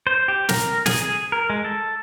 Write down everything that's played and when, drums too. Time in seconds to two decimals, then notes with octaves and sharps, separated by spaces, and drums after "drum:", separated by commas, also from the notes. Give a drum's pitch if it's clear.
0.07 C5
0.28 G4
0.49 A#4, drum: snare
0.86 G#4, drum: snare
1.02 G#4
1.32 A#4
1.50 G#3
1.65 A4